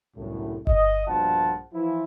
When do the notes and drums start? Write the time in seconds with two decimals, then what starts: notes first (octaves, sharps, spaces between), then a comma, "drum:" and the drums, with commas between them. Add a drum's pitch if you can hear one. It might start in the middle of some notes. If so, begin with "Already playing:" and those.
0.16 G1 C2 F#2 A2
0.67 D#5, drum: kick G1
1.07 A#1 G2 B2 F3 F#5 A5
1.73 E3 F3 E4